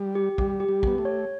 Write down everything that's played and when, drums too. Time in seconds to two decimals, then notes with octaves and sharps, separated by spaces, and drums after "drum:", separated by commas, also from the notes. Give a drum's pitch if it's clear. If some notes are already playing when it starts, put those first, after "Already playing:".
Already playing: G3
0.15 G4
0.38 G3 G4, drum: kick
0.60 G4
0.68 G3
0.83 B3 G4, drum: kick
0.98 A3
1.05 C#5